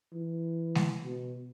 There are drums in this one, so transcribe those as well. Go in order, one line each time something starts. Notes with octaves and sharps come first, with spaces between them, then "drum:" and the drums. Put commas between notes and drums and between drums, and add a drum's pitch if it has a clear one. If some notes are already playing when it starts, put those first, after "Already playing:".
E3
drum: snare G#3
B2